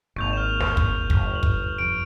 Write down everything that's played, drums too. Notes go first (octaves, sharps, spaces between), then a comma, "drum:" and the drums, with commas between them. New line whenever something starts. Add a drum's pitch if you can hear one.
G#1 G#2 A#3 C#6 G6 F7
F6 E7
drum: snare
drum: kick
G1, drum: kick
F7 F#7
drum: kick
F2 D7